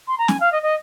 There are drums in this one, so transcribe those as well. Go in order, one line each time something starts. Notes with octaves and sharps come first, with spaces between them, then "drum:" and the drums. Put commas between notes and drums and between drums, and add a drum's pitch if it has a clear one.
C6
A#5
G#5, drum: snare
F5
D#5
D#5